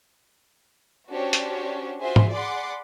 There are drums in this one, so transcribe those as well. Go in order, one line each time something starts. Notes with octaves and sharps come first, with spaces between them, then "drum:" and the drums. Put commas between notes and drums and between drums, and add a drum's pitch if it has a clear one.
C#4 D4 F#4 G4 C5 C#5
drum: hi-hat
F4 F#4 G#4 C5 E5 C6
drum: tom G#2
G#4 D5 F#5 B5 C6 D6